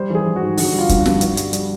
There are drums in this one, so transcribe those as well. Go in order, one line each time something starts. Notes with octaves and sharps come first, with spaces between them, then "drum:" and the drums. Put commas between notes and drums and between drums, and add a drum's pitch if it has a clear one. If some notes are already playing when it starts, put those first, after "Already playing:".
Already playing: G3 C5
E3 G#4
E3
F#4
G#2
D3 F#4, drum: open hi-hat
G3
F4
G2, drum: kick, hi-hat
F#4
G2, drum: snare
G2, drum: hi-hat
G3, drum: hi-hat
G3, drum: hi-hat